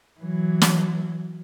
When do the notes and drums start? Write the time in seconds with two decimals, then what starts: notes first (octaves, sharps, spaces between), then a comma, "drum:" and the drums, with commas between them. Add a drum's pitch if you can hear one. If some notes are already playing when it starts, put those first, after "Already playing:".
0.20 E3 F#3
0.62 drum: snare